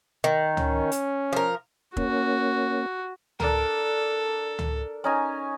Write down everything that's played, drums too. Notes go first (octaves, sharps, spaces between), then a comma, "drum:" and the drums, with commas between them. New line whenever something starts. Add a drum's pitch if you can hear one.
D#3
C#4, drum: tom C#2
drum: hi-hat
F3 A#4
A#3 C#4 F#4, drum: kick
D4 A4 A#4, drum: tom C#2
drum: tom C#2
C#4 D#4 G#5